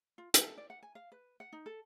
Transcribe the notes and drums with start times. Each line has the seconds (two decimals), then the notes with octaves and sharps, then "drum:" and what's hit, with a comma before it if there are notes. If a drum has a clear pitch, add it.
0.18 F4
0.34 A4, drum: hi-hat
0.58 D5
0.70 F#5
0.83 G#5
0.95 F5
1.12 B4
1.40 F#5
1.53 D#4
1.66 A4